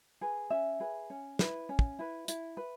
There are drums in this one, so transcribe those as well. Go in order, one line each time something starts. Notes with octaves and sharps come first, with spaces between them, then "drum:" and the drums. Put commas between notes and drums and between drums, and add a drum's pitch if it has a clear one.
G#4 B4
C#4 E5
G#4 B4
C#4
E4 B4, drum: snare
C#4
drum: kick
E4 B4
E4, drum: hi-hat
B4